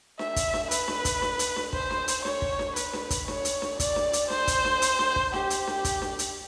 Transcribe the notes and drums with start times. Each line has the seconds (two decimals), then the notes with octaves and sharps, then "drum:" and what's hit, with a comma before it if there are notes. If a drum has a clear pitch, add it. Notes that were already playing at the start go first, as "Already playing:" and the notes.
0.19 E5, drum: snare D4
0.36 drum: kick, hi-hat
0.54 drum: snare D4
0.71 B4, drum: hi-hat
0.88 drum: snare D4
1.05 drum: kick, hi-hat
1.22 drum: snare D4
1.39 drum: hi-hat
1.56 drum: snare D4
1.73 C5, drum: kick
1.91 drum: snare D4
2.08 drum: hi-hat
2.25 C#5, drum: snare D4
2.42 drum: kick
2.59 drum: snare D4
2.76 B4, drum: hi-hat
2.93 drum: snare D4
3.10 drum: kick, hi-hat
3.28 C#5, drum: snare D4
3.45 drum: hi-hat
3.62 drum: snare D4
3.80 D5, drum: kick, hi-hat
3.96 drum: snare D4
4.13 drum: hi-hat
4.30 C5, drum: snare D4
4.48 drum: kick, hi-hat
4.65 drum: snare D4
4.82 drum: hi-hat
4.99 drum: snare D4
5.16 drum: kick
5.33 G4, drum: snare D4
5.50 drum: hi-hat
5.67 drum: snare D4
5.85 drum: kick, hi-hat
6.02 drum: snare D4
6.19 drum: hi-hat